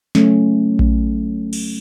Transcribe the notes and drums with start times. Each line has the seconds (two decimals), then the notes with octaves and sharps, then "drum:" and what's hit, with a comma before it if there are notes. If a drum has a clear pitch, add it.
0.15 F#3 A3 C#4, drum: snare
0.79 drum: kick A#1
1.53 drum: cymbal